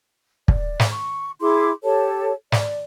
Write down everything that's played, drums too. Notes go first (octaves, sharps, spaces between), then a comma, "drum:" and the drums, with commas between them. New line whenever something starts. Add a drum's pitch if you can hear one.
D5, drum: kick
drum: snare
C#6
E4 G#4 C6 D6
G4 A4 C#5 A5
D5, drum: snare